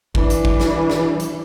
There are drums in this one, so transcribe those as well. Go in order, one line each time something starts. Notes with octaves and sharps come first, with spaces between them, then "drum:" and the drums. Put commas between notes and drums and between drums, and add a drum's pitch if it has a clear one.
E3 D4, drum: kick
drum: hi-hat
drum: kick
drum: snare
drum: snare
drum: hi-hat